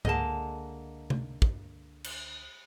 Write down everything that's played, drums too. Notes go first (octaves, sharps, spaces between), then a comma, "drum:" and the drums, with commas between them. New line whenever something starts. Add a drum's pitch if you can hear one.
C#2 D3 G#3 A#3 D#5 A5, drum: tom G#2
drum: tom C3
drum: kick
drum: cymbal